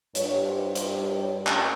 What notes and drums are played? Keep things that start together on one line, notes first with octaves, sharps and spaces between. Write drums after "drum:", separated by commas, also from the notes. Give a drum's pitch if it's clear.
G2 G3 C#5, drum: hi-hat
C5
C5, drum: hi-hat
C#5
drum: clap